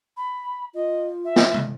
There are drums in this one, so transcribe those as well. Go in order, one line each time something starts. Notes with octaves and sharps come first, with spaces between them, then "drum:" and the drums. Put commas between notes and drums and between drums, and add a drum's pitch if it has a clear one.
B5
F4 D#5
E5
drum: snare
drum: tom C3